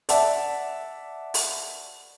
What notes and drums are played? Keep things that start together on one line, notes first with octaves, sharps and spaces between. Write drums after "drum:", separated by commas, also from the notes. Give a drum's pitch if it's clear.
D5 E5 F#5 A5, drum: hi-hat
drum: open hi-hat